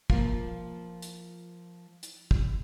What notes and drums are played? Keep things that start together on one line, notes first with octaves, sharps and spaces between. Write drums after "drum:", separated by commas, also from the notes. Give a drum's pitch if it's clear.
F3 A#3 F4, drum: kick
drum: hi-hat
drum: hi-hat
drum: kick